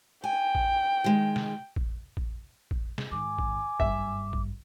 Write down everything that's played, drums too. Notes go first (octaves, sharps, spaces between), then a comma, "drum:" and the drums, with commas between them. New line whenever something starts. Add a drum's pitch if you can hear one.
G5 G#5
drum: kick A1
D#3 G#3
drum: snare
drum: kick A1
drum: kick A1
drum: kick A1
drum: snare
G#2 D#3 G#5 D6
drum: kick A1
F#1 G2 E5, drum: kick A1
drum: kick A1